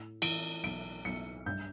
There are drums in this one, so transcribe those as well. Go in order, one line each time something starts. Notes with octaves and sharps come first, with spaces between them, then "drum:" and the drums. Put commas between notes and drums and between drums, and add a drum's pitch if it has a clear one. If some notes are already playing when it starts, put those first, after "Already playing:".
Already playing: A2
E3 D7, drum: cymbal
B1 D7
B1 C#7
G2 G6